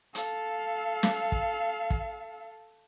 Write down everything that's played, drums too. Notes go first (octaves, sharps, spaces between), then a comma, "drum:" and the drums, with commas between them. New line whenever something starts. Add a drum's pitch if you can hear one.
A4 F5, drum: hi-hat
drum: snare
drum: kick
drum: kick